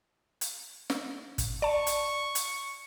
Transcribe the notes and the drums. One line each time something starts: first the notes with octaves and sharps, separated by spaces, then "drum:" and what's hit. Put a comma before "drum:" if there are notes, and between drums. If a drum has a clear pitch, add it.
drum: hi-hat
drum: snare
drum: kick, hi-hat
D5 A5 C#6
drum: hi-hat
drum: hi-hat